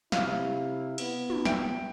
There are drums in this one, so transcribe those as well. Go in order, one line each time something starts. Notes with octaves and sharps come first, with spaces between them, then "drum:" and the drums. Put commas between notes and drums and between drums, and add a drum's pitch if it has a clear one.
C3 E4 F5, drum: snare
B3, drum: cymbal
drum: tom
E5 G5 D7, drum: snare